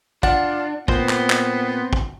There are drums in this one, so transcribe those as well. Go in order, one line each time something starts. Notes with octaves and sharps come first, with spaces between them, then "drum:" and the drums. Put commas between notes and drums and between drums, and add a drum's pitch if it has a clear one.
D4 F4 F#5, drum: kick
A#2 B3 C4 C5, drum: kick
drum: clap
drum: clap
drum: kick